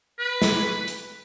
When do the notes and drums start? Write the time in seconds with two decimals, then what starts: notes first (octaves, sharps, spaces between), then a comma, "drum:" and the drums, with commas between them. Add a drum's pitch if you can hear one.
0.19 B4
0.42 drum: snare
0.88 drum: hi-hat